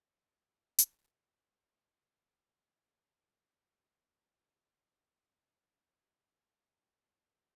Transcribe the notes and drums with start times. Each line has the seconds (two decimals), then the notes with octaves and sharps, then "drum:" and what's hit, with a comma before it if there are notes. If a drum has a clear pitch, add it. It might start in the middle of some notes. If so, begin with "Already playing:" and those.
0.02 D3
0.78 drum: hi-hat
1.12 B2
1.26 C3
1.56 C3
3.11 D3
4.35 C3
4.65 B2
4.97 C3